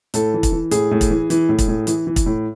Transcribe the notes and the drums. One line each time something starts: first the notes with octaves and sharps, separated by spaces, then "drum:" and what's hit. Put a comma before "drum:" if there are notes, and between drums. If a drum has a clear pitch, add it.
A2 A4, drum: hi-hat
E3
drum: kick, hi-hat
E3
A2 G#4, drum: hi-hat
A2
drum: kick, hi-hat
E3
E3, drum: hi-hat
A2
drum: kick, hi-hat
A2
E3, drum: hi-hat
E3
drum: kick, hi-hat
A2